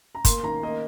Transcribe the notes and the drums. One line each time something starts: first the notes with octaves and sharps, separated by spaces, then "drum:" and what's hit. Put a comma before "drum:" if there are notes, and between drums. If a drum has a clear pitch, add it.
A#5
A#3 C6, drum: kick, hi-hat
D#3 A#5
A#3 D#5